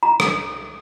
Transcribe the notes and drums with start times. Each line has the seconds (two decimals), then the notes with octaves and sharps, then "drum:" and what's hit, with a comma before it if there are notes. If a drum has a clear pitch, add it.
0.03 A#5
0.20 drum: rim click